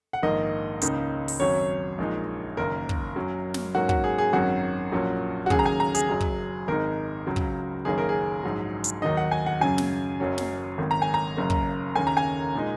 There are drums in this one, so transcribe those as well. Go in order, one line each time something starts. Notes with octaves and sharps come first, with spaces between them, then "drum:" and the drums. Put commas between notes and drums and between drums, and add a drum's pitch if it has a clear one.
F#5
A#1 G#2 D#3 A#3 D#5
C#2 C#3 A#3 D#4, drum: hi-hat
drum: open hi-hat
G#1 F#2 F#3 C#4 C#5
A#1 A#2 G#3 D#4
F#1 F#2 D#3 A#3 A#4
drum: kick
F#2 F#3 C#4
drum: snare
G#2 F#3 A#3 C#4 F#4
F#4, drum: kick
G#4
G#4
G#1 F#2 D#3 F#3 C#4 F#4
A#1 A#2 F#3 C#4
F#4
D#2 C#3 F#3 G#4, drum: kick
A#5
G#5
A#5
G#4, drum: hi-hat
F#1 F#2 F#3
drum: kick
G#1 G#2 G#3 D#4 A#4
C#2 C#3 F#3
drum: kick
F#1 F#2 D#3 A#3 C#4 G#4
A#4
G#4
A#1 G#2 F#3
drum: hi-hat
D#2 D#3 F#3 D#4 D#5
F#5
G#5
F#5
F#2 C#3 F#3 G#5
drum: snare
F#1 F#2 F#3 C#4
drum: snare
G#1 G#2 D#3
A#5
G#5
A#5
F#1 F#2 C#3 A#3
drum: kick
D#2 C#3 A#3 C#4 G#5
A#5
G#5
A#2 G#3 D#4